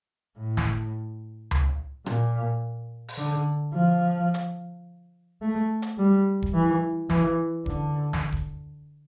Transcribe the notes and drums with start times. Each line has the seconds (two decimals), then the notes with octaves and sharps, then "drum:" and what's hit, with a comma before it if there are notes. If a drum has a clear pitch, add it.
0.38 A2
0.57 drum: snare
1.51 drum: tom C#2
2.06 A#2, drum: rim click
3.08 drum: open hi-hat
3.18 D3
3.74 F3
4.34 drum: hi-hat
5.42 A3
5.82 drum: hi-hat
5.98 G3
6.42 drum: kick D#1
6.54 E3
7.10 E3, drum: snare
7.66 D3, drum: kick D#1
8.13 drum: snare
8.32 drum: kick D#1